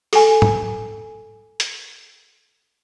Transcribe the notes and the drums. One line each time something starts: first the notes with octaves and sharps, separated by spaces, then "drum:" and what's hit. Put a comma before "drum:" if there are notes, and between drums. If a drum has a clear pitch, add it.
A4 G#5, drum: open hi-hat
drum: tom
drum: hi-hat